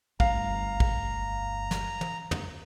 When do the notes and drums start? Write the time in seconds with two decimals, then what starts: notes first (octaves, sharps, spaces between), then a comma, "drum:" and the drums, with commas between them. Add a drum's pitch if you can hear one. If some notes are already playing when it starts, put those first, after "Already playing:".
0.20 G1 D2 F5 A#5, drum: kick
0.80 drum: kick
1.71 drum: snare
2.01 drum: tom
2.31 drum: tom